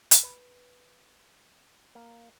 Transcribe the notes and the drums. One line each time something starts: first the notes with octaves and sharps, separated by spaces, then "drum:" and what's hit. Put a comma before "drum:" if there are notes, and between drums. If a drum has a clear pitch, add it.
drum: hi-hat
B4
A#3